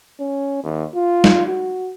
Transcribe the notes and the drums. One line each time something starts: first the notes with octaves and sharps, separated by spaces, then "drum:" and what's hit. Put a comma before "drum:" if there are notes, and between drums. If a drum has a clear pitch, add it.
C#4
D#2
F4
drum: snare
F#4